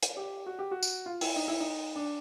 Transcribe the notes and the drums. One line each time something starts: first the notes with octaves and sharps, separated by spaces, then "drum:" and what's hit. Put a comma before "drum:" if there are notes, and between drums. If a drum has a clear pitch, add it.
drum: hi-hat
G4
F#4
G4
F#4
drum: tambourine
F4
E4, drum: open hi-hat
D#4
E4
D#4
D4